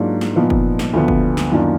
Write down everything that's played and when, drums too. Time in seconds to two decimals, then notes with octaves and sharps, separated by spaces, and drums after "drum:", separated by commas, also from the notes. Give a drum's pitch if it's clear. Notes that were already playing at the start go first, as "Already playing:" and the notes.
Already playing: G#2 F#3 A#3 D4 F4
0.21 drum: snare
0.36 A#2 F3 B3 D#4
0.50 drum: kick
0.79 drum: snare
0.93 D2 D3 F3 B3
1.08 drum: kick
1.37 drum: snare
1.51 F#2 D#3 A#3 D4 F4